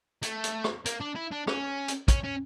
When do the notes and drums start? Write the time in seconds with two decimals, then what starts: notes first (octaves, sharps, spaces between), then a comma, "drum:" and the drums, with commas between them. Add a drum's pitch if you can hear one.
0.23 A3, drum: hi-hat
0.44 drum: hi-hat
0.64 drum: rim click
0.86 A#3, drum: hi-hat
1.01 D4
1.16 E4
1.32 D4
1.47 C#4, drum: rim click
1.88 drum: hi-hat
2.08 C#4, drum: kick, hi-hat
2.24 C#4